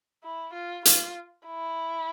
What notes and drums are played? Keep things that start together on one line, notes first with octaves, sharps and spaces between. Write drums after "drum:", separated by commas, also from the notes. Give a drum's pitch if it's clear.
E4
F4
F4, drum: hi-hat
E4